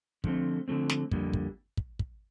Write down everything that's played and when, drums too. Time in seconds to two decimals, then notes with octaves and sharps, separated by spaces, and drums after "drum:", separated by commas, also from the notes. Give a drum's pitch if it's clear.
0.24 D3 F3 A3 C4, drum: kick
0.68 D3 F3 A3 C4
0.89 drum: snare
1.11 F2 D3 G3 A#3, drum: kick
1.33 drum: kick
1.77 drum: kick
1.99 drum: kick